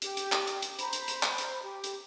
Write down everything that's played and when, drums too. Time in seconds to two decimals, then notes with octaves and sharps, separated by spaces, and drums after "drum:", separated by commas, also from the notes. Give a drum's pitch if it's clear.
0.02 G4, drum: hi-hat
0.17 drum: hi-hat
0.32 drum: clap
0.47 drum: hi-hat
0.62 drum: hi-hat
0.79 C5 A#5 B5, drum: hi-hat
0.93 drum: hi-hat
1.08 drum: hi-hat
1.23 drum: clap
1.38 drum: hi-hat
1.62 G4
1.84 drum: hi-hat